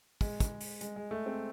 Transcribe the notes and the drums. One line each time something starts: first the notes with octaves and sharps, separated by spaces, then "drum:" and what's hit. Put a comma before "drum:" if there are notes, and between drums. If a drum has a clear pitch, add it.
G#3, drum: kick, open hi-hat
drum: kick, hi-hat
drum: open hi-hat
G#3, drum: hi-hat
G#3
A3
C4